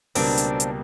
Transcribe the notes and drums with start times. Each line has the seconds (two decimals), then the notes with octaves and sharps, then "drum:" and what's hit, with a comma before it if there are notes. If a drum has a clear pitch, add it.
0.15 C#2 B2 G3 A#3 C4 D4, drum: open hi-hat
0.38 drum: hi-hat
0.60 drum: hi-hat